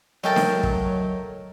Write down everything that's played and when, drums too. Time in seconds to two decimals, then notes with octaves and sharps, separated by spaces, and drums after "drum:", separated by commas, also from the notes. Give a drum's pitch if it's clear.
0.24 F#3 A3 A4 A#4 D#5 G5 A5
0.36 drum: snare D4
0.63 drum: kick